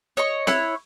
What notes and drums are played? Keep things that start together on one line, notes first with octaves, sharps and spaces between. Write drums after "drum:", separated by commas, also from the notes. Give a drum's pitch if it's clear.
C#5 D#5 C#6
E4 C#5 F#6, drum: snare C4